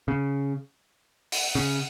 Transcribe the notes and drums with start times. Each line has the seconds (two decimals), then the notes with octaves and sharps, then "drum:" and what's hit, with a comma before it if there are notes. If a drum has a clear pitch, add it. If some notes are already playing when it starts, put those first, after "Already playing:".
0.08 C#3
1.32 drum: open hi-hat
1.55 C#3